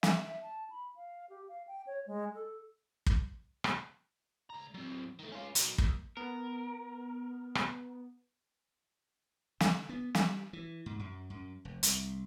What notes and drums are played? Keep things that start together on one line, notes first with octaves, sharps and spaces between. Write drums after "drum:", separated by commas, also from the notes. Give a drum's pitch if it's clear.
E5, drum: snare
E5
A5
B5
F5
G4
F5
G5
C#5
G#3
A4
drum: kick
drum: rim click
C#2 A#5
F#3 C4
D#3 A3
C#4 F4
F#3 D#4, drum: hi-hat
D#2, drum: kick
B3 A#4
drum: rim click
D3, drum: snare
B3
G3, drum: snare
E3
G#2
F#2
F#2
F1
C2, drum: hi-hat